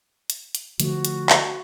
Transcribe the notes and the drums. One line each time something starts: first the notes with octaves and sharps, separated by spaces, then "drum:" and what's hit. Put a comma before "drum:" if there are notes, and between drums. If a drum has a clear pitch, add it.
drum: hi-hat
drum: hi-hat
D3 F3 A3 F#4, drum: hi-hat
drum: hi-hat
drum: clap